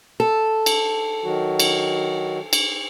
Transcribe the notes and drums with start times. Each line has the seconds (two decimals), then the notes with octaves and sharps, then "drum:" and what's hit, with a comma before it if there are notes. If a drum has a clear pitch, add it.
0.20 A4
0.66 drum: cymbal
1.24 D#3 F#3 F#4
1.60 drum: cymbal
2.53 drum: cymbal